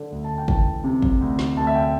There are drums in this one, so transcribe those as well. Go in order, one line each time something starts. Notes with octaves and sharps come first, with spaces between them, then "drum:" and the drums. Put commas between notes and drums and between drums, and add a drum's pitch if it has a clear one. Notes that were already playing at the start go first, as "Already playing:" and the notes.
Already playing: D3
D2
A5
G5
E3 A5, drum: kick
C3
drum: kick
D2
drum: snare
D2 A5
E5
G5